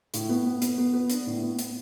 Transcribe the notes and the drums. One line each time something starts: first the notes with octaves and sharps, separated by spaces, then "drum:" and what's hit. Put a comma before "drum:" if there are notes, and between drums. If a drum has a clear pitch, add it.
A2, drum: hi-hat
B3
B3
B3, drum: hi-hat
B3
B3
D4, drum: hi-hat
A2
B3
B3, drum: hi-hat